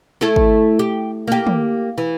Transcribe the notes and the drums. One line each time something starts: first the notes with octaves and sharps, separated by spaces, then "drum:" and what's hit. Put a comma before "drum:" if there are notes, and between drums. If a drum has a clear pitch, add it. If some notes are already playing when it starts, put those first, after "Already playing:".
A3 E4 A4, drum: snare
drum: kick
G4
A#3 G4
drum: tom
E3